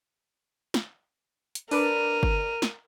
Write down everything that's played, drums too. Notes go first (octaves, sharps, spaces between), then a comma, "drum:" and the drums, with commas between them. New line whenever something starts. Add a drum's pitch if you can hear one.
drum: snare
drum: hi-hat
D4 A#4 B4 D5 D#7, drum: open hi-hat
drum: kick G1
drum: snare